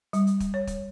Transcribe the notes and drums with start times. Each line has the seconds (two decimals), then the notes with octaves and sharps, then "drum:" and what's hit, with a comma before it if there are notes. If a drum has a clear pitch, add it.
0.13 G3, drum: hi-hat
0.27 drum: hi-hat
0.40 drum: kick, hi-hat
0.54 C#5
0.67 drum: kick, hi-hat